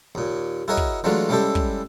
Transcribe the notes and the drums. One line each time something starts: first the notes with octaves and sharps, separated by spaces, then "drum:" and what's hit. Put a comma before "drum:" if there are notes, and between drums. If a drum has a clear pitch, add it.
D#2 A#2
E4 F#4 G#4 A#4 C#5 D#5
drum: kick
E3 F#3 G#3 A3 D4 F4
G3 G#3 C#4 E4 G4 A4
drum: kick